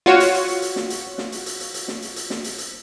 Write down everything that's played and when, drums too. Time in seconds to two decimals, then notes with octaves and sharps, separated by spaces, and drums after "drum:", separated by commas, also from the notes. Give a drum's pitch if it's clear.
0.06 F4 F#4 C#5, drum: snare
0.20 drum: hi-hat
0.34 drum: hi-hat
0.48 drum: hi-hat
0.62 drum: hi-hat
0.76 drum: snare
0.90 drum: hi-hat
1.18 drum: snare
1.32 drum: hi-hat
1.46 drum: hi-hat
1.60 drum: hi-hat
1.74 drum: hi-hat
1.88 drum: snare
2.02 drum: hi-hat
2.16 drum: hi-hat
2.30 drum: snare
2.44 drum: hi-hat
2.58 drum: hi-hat